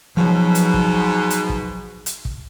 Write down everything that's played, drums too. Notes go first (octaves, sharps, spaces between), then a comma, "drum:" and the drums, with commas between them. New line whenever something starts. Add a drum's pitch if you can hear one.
G#2 B2 F3 F#3
drum: hi-hat
drum: kick
drum: hi-hat
drum: kick
drum: hi-hat
drum: kick